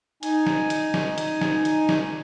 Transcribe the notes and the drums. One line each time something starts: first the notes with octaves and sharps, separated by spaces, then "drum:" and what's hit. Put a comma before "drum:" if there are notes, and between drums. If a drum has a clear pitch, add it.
D#4 G#5, drum: hi-hat
drum: snare
drum: hi-hat
drum: snare
drum: hi-hat
drum: snare
drum: hi-hat
drum: snare